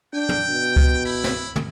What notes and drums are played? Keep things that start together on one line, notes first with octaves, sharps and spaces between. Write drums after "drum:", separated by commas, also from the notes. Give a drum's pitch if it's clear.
D4 G5
drum: tom
B2
drum: kick C#2
E4 B5
drum: snare
drum: tom